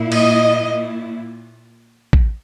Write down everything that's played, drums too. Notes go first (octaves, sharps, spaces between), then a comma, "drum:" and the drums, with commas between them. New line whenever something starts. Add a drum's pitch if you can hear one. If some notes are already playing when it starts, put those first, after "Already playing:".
Already playing: A#2 A#3 E4
D#5, drum: cymbal
drum: kick